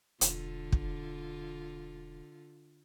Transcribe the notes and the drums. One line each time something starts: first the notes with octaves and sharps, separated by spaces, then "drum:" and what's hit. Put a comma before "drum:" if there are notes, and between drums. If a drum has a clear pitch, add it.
E1 D3 F4, drum: hi-hat
drum: kick